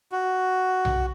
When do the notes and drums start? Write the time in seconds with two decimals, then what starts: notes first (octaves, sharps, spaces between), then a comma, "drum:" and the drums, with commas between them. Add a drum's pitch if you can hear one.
0.12 F#4
0.85 drum: tom B1